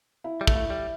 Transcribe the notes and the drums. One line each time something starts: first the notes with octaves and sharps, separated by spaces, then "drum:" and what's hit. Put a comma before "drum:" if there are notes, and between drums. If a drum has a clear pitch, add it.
E4
G3
A3, drum: kick
E4
G3